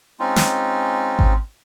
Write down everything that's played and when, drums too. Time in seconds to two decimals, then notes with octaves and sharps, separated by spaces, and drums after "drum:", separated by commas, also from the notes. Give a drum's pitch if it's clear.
0.20 G#3 C4 C#4 D#4 F4
0.36 drum: snare
1.19 drum: kick G#1